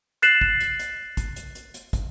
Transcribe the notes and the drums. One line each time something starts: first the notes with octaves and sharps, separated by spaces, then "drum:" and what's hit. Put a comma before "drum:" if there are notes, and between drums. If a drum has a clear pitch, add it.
F#6 A6 C7 E7 F#7, drum: hi-hat
drum: kick
drum: hi-hat
drum: hi-hat
drum: kick, hi-hat
drum: hi-hat
drum: hi-hat
drum: hi-hat
drum: kick, hi-hat